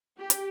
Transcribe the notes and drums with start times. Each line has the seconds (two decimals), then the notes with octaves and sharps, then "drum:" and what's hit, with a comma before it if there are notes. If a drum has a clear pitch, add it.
0.18 G4
0.30 drum: hi-hat